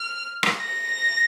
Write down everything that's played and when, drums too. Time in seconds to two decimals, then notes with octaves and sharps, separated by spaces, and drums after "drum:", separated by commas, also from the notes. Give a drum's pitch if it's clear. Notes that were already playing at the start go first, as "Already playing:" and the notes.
Already playing: F6
0.43 drum: rim click
0.59 A#6